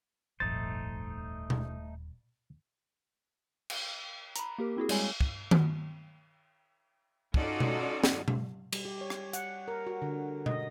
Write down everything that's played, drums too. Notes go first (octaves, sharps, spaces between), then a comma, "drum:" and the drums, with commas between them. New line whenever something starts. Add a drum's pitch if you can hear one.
D#1 G#1 F2 A3 D#4 C5 A6
drum: tom B2
drum: cymbal
A#5 B5, drum: hi-hat
A#3 G4 A#4
C4 E4 F#4 G#4
G3 G#3 C#5 G#5 F#7, drum: cymbal
drum: kick
drum: tom D#3
C#4 D#4 F4 F#4 A4 D5, drum: kick
drum: tom B2
drum: snare
drum: tom B2
G3, drum: cymbal
G4
C#5
drum: rim click
F#5, drum: hi-hat
A#4
F#4
D3
D#5, drum: tom B2